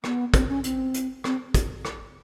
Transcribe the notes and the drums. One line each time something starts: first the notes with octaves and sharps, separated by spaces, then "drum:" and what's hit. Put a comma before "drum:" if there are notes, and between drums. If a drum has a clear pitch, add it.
B3, drum: rim click
C4, drum: kick, hi-hat
C#4
C4, drum: hi-hat
drum: hi-hat
C4, drum: rim click
drum: kick, hi-hat
drum: rim click